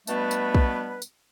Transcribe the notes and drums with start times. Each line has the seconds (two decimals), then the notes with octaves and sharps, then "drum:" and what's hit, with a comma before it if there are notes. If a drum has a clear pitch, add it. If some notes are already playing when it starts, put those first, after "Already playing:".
0.07 B2 G3 A3 B3 D4 B4, drum: tambourine
0.31 drum: tambourine
0.55 drum: kick
1.02 drum: tambourine